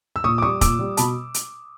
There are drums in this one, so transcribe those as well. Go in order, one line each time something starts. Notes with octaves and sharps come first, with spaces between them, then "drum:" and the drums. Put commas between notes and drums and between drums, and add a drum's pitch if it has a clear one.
E6
A#2 C#6 D#6
D6
G3 C#6 D#6
A#2 D6 E6, drum: kick, hi-hat
G3
B2 A5 B5, drum: hi-hat
drum: hi-hat